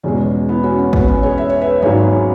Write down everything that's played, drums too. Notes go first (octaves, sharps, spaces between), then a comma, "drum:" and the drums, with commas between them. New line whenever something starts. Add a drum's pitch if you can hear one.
E2 B2 G#3 C#4
B3 E4
C#4 F#4
C#4
B3, drum: kick
C#4
G#4 C#5
E5
C#5
B4 E5
G#1 G#2 F#3 G#4 C#5
B3
C#4